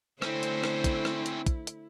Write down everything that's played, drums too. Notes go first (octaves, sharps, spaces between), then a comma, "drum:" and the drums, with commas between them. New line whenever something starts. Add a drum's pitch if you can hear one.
D3 A3 C4 C#4 E4 C5, drum: rim click
drum: hi-hat
drum: rim click
drum: kick, hi-hat
drum: rim click
drum: hi-hat
drum: kick, hi-hat
drum: hi-hat